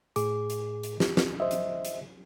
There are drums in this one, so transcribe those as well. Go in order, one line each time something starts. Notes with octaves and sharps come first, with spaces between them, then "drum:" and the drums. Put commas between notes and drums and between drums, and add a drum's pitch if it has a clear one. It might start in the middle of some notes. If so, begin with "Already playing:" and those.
A2 G#4 D6, drum: hi-hat
drum: hi-hat
drum: hi-hat
drum: snare
drum: snare
C5 D#5 E5
drum: hi-hat
drum: hi-hat